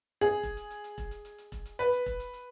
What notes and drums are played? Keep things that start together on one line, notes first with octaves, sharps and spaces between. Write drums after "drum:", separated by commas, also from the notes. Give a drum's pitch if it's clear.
G#4
drum: kick E1, hi-hat
drum: hi-hat
drum: hi-hat
drum: hi-hat
drum: kick E1, hi-hat
drum: hi-hat
drum: hi-hat
drum: hi-hat
drum: kick E1, hi-hat
drum: hi-hat
B4, drum: hi-hat
drum: hi-hat
drum: kick E1, hi-hat
drum: hi-hat
drum: hi-hat